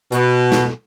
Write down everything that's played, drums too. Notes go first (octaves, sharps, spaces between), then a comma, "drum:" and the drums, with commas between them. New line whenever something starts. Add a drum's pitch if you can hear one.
B2, drum: hi-hat
drum: snare